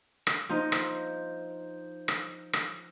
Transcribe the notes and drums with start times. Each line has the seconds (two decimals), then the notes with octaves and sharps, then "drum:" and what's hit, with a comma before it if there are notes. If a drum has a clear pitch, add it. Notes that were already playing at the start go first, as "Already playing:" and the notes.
0.27 drum: rim click
0.49 F3 D#4
0.72 drum: rim click
2.08 drum: rim click
2.53 drum: rim click